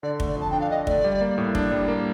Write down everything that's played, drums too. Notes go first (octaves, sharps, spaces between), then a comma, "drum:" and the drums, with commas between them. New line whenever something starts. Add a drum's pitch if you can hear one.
D3 D5
A3, drum: kick
D5
F2 A5
D4 G5
F5
D3 D#5
A3 D5, drum: kick
G3
A#3
A2
D4, drum: kick
G3
A#3